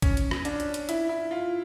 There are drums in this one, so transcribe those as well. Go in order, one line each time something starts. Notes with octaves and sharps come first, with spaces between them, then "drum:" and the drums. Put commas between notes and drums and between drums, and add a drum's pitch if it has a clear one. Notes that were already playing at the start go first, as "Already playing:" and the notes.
C#4, drum: kick A1, hi-hat
drum: hi-hat
drum: rim click
D4, drum: hi-hat
drum: hi-hat
drum: hi-hat
E4, drum: hi-hat
E4
F4